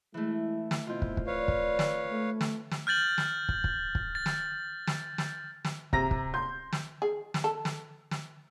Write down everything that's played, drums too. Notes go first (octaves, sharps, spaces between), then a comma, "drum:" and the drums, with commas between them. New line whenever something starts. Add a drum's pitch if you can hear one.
E3 G#3 A3 E4
drum: snare
B2 C4 E4 F4 D#5
drum: kick
drum: kick
B4 C#5 D5 F5
drum: kick
drum: snare
A3
drum: snare
drum: snare
F6 G6 A6 F#7
drum: snare
drum: kick
drum: kick
drum: kick
A6
drum: snare
drum: snare
drum: snare
drum: snare
C3 A#5 A#6, drum: kick
drum: kick
C6 G6
drum: snare
G#4
drum: snare
A4
drum: snare
drum: snare